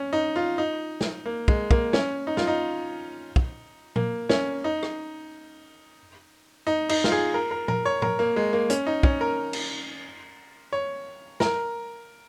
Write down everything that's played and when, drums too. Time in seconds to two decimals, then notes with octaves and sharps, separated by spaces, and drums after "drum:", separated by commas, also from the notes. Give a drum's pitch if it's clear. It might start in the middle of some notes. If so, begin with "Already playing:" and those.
Already playing: C#4
0.13 D#4
0.36 F4
0.58 D#4
1.01 drum: snare
1.26 A#3
1.48 G#3, drum: kick
1.71 A#3, drum: kick
1.93 C#4, drum: snare
2.27 D#4
2.37 F4, drum: snare
2.47 D#4
3.36 drum: kick
3.96 A#3, drum: tom A#2
4.29 C#4, drum: snare
4.64 D#4
4.83 drum: rim click
6.67 D#4
6.89 D#4, drum: cymbal
7.04 F4, drum: snare
7.12 G#4
7.34 A#4
7.51 A#4
7.68 A#4, drum: tom A#2
7.85 C#5
8.02 A#4, drum: tom A2
8.19 A#3
8.36 G#3
8.53 A#3
8.70 C#4, drum: hi-hat
8.87 D#4
9.03 C#4, drum: kick
9.21 A#4
9.53 drum: cymbal
10.73 C#5
11.40 A#4, drum: snare